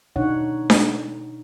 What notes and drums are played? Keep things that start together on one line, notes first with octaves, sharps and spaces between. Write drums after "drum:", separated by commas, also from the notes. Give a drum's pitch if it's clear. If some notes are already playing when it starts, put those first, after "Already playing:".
B2 D4 D#4 C#5 F#5
drum: snare D4